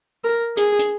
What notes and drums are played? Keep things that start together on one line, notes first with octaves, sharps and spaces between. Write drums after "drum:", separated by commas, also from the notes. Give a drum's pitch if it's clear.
A#4
G#4, drum: hi-hat
drum: hi-hat